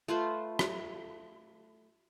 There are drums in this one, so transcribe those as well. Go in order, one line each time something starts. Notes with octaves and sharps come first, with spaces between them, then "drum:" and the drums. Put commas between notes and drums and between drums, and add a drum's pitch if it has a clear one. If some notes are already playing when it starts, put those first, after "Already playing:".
A3 F4 B4 C5
drum: rim click